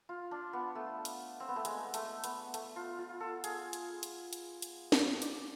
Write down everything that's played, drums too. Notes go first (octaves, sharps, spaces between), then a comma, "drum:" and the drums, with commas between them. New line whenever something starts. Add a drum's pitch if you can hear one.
F4
D4
B3
A3
drum: hi-hat
C4
B3
A3
G#3, drum: hi-hat
A3, drum: hi-hat
B3, drum: hi-hat
A3, drum: hi-hat
F4
F4
A4
G#4, drum: hi-hat
drum: hi-hat
drum: hi-hat
drum: hi-hat
drum: hi-hat
drum: snare
D5, drum: hi-hat